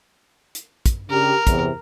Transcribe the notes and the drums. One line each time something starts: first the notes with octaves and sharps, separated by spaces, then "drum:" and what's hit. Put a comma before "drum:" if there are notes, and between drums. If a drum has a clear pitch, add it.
drum: hi-hat
drum: kick, hi-hat
C#3 D4 G4 A#4
E2 C3, drum: kick, hi-hat